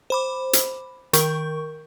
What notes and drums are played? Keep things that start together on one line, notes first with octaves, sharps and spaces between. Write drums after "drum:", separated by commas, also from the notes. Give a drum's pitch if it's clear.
C5 B5 D6
drum: hi-hat
D#3 A#4 C#6 G6, drum: hi-hat